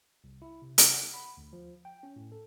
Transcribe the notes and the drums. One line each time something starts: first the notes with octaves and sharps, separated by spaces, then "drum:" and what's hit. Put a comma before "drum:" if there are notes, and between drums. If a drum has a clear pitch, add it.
C2
E4
C3
drum: hi-hat
F#5
B5
D2
F3
G5
C#4
A2
A4